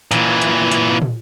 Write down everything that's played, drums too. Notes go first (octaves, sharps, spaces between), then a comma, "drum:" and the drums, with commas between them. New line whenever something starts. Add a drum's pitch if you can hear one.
A#2 E3, drum: hi-hat
drum: hi-hat
drum: hi-hat
drum: tom